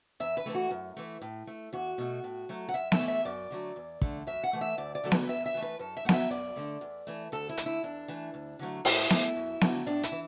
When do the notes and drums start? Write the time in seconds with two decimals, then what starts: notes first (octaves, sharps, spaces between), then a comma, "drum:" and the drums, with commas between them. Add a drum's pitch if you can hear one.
0.20 E2 E5
0.37 B4
0.46 E3 A3 A4
0.55 F#4
0.71 F#2
0.97 E3 A3
1.21 A2
1.47 A3
1.73 E2 F#4
1.98 B2 A3
2.24 A2
2.49 F#3 A3
2.68 F#5
2.74 F#2 E5
2.92 E5, drum: snare B3
2.99 E3 A3
3.08 E5
3.25 F#2 D5
3.51 D3 F#3 A3
3.76 E2
4.02 D3 A3, drum: kick
4.27 F#2 E5
4.43 F#5
4.53 E3 A3
4.61 E5
4.78 D2 D5
4.95 D5
5.03 D3 F#3 A3 A4
5.12 B4, drum: snare B3
5.29 E2 E5
5.46 E5
5.54 E3 A3
5.62 B4
5.79 F#2 A4
5.97 E5
6.05 A3 F#5
6.09 F#3 E5, drum: snare B3
6.30 F#2 D5
6.56 D3 A3
6.81 E2
7.07 E3 A3
7.32 D2 A4
7.49 E4
7.57 D3 A3, drum: hi-hat
7.66 E4
7.83 E2 D4
8.08 E3 A3
8.34 D2
8.59 D3 F#3 A3
8.85 A2 E4, drum: open hi-hat
9.10 A3, drum: snare B3
9.36 F#2
9.61 D3 F#3 A3, drum: snare B3
9.86 A2 D4
10.03 E4, drum: hi-hat
10.12 E3